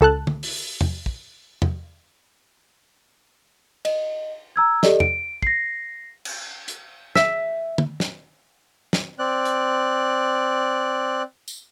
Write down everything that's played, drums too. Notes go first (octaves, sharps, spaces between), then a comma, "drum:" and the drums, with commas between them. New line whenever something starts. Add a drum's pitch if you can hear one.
C#2 A4 A5 F#6
drum: tom
drum: open hi-hat
drum: tom E2
drum: kick
drum: tom E2
D#5, drum: cymbal
A#5 E6 G#6
G4 A4 D5 D#5, drum: snare
D7, drum: tom E2
A#6 C7, drum: kick
drum: cymbal
drum: hi-hat
E5, drum: snare
drum: tom
drum: snare
drum: snare
C4 D5 F#6
drum: hi-hat
drum: tambourine